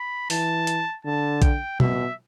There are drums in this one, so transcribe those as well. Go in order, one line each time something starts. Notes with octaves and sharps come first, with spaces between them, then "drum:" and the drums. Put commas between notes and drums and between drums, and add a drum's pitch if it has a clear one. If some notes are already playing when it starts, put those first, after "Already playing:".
Already playing: B5
E3 A5, drum: open hi-hat
drum: hi-hat
D3 A5
G5, drum: kick A#1, hi-hat
B2 E5, drum: tom B2